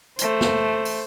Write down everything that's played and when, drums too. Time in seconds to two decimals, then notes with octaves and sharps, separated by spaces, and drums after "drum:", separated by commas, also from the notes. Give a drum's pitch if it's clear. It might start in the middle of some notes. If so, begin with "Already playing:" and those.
0.19 A3 C5, drum: hi-hat
0.41 drum: snare
0.85 drum: open hi-hat